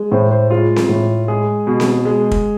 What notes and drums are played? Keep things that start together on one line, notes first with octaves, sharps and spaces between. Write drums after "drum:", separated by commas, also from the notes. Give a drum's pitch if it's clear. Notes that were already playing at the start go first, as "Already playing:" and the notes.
Already playing: G#3
A2 C5
C5
G#3 F4
drum: snare C4
A2
G#3 G#4
B2
drum: snare C4
G#3
drum: kick